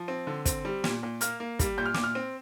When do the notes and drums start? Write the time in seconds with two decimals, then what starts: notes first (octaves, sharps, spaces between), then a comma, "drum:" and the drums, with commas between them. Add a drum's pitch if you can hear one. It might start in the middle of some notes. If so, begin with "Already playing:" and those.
Already playing: F3
0.08 C4
0.27 D3
0.46 C4, drum: kick, hi-hat
0.65 G3
0.84 A#2, drum: snare
1.03 A#2
1.21 A#3 F6, drum: hi-hat
1.40 A#3
1.59 G3, drum: kick, hi-hat
1.78 A#2 G6
1.86 F6
1.94 A#2 D6, drum: snare
2.04 F6
2.15 C4